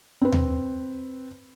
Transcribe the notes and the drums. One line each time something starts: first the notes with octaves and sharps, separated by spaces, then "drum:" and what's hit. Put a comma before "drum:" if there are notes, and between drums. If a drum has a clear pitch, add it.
C4 B4
drum: tom D#2